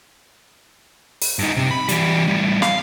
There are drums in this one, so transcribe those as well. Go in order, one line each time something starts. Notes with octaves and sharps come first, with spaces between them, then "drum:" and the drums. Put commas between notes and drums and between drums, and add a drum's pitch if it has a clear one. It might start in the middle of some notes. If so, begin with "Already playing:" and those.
drum: open hi-hat
G2 D#4
C3
B5
E3 G3, drum: hi-hat
A2 G3
F5, drum: snare